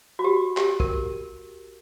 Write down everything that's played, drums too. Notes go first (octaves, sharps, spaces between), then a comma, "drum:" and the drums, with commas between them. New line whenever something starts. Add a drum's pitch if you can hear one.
F#4
G4
G4, drum: clap
A#4, drum: kick